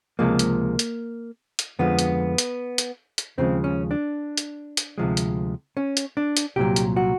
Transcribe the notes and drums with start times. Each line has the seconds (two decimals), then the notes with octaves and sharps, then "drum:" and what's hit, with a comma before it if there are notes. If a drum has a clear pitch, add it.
0.19 C#2 C3 F3 G#3 A#3
0.39 drum: hi-hat
0.79 drum: hi-hat
1.59 drum: hi-hat
1.79 F2 D3 F3 G#3 B3
1.99 drum: hi-hat
2.38 drum: hi-hat
2.78 drum: hi-hat
3.18 drum: hi-hat
3.38 D#2 C#3 F3 G#3 C4
3.64 C#4
3.91 D4
4.37 drum: hi-hat
4.77 drum: hi-hat
4.98 D2 C3 F3 G#3
5.17 drum: hi-hat
5.77 C#4
5.97 drum: hi-hat
6.17 D4
6.37 drum: hi-hat
6.56 C2 A#2 F#3 G4
6.76 drum: hi-hat
6.96 F#4